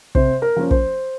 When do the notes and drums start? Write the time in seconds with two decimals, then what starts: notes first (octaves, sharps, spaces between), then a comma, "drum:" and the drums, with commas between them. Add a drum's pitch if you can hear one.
0.15 C3 C5, drum: kick
0.42 A#4
0.56 F3 A#3 C#4
0.71 C5, drum: kick